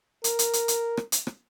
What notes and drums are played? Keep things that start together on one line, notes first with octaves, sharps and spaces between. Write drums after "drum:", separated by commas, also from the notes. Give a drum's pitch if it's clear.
A#4, drum: hi-hat
drum: hi-hat
drum: hi-hat
drum: hi-hat
drum: rim click
drum: hi-hat
drum: rim click